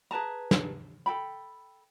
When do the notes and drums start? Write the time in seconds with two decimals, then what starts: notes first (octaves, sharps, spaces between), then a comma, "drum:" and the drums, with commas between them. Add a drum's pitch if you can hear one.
0.11 G#4 B4 A5 A#5
0.51 drum: snare
1.06 A4 G5 B5